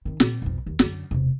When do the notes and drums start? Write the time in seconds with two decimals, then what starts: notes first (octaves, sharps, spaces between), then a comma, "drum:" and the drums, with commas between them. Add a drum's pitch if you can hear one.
0.05 D#3 C4
0.20 A#2 C4, drum: snare
0.42 B1 F2
0.66 D#2
0.79 F#2 D3, drum: snare
1.11 E1 C3